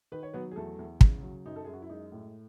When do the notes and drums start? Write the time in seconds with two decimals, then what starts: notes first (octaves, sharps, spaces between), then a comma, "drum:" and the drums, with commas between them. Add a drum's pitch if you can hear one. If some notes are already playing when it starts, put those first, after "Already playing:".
0.12 D#3 B4
0.23 C#5
0.33 F#3 B3 B4
0.51 G#4
0.56 E2 A3 A4
0.79 E2
1.01 C#3, drum: kick
1.23 F#3
1.46 F#2 D#4
1.56 A4
1.65 F#2 G#4
1.73 F#4
1.82 E4
1.90 G#3 D#4
2.12 A2